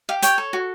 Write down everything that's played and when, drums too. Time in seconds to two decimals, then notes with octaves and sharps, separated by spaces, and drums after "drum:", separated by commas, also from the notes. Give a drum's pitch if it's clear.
0.09 G4 F5
0.22 C#5 G5, drum: hi-hat
0.38 A4
0.53 F#4